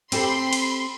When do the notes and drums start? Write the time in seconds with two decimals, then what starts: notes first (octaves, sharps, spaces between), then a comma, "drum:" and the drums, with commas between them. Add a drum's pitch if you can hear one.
0.12 C4 G4 A4 B5 C6, drum: cymbal
0.53 drum: cymbal